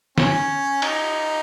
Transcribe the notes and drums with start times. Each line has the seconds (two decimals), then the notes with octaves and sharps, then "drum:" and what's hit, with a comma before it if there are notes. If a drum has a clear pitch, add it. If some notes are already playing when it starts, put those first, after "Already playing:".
0.18 C#4, drum: snare
0.82 D#4, drum: cymbal